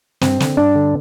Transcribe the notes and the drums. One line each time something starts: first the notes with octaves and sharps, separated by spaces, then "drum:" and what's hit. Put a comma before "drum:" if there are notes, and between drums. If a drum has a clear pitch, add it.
G2 C4, drum: snare
D3, drum: snare
G2 D4
D3